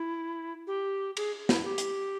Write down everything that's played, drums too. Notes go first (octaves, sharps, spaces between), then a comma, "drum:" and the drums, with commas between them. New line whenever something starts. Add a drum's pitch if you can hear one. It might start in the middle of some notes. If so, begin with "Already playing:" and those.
Already playing: E4
G4
G#4, drum: cymbal
E4, drum: snare
G4
drum: hi-hat